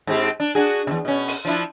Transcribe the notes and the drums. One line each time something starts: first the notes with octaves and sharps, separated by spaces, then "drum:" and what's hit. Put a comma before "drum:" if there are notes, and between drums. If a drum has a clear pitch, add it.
G#2 C4 G4
D4
D4 F#4 G#4
E2 C3
B2 C#4
drum: open hi-hat
F3 D4 E4